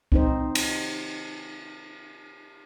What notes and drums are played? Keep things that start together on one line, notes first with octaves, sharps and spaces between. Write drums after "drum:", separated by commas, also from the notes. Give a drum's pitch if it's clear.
C4 D#4 C5, drum: kick C2
drum: cymbal